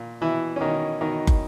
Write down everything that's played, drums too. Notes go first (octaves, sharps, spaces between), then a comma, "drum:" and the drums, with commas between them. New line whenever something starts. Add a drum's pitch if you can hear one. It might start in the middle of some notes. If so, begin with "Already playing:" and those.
Already playing: A#2
B2 E3 E4
C#4
B2 D#3 D#4
B2 D#3 D#4
drum: kick